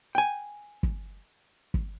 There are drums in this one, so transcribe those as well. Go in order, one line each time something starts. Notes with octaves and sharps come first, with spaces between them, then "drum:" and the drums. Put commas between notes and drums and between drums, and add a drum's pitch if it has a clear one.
G5 G#5
drum: kick
drum: kick